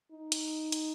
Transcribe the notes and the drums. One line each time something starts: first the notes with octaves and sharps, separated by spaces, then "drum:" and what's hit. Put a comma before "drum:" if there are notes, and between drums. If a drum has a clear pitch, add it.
D#4
drum: hi-hat
drum: hi-hat